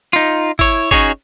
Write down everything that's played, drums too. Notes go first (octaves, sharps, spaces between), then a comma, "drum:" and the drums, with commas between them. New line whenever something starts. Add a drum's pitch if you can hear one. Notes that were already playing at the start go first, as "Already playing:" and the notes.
D#4 F4
E4 C#5, drum: kick
C#4 D#4 F#4 G#4 C#5, drum: kick